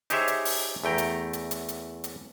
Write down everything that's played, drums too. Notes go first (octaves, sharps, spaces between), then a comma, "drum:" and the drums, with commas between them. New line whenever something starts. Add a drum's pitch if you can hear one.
D#4 G4 G#4 C5 C#5 E5, drum: hi-hat
drum: hi-hat
drum: open hi-hat
E2 A3 G5 A#5
drum: hi-hat
drum: hi-hat
drum: hi-hat
drum: hi-hat
drum: hi-hat